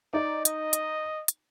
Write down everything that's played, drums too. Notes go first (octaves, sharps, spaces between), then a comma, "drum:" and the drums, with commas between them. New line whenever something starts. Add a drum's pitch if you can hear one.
D#4 D5
D#5, drum: hi-hat
drum: hi-hat
drum: hi-hat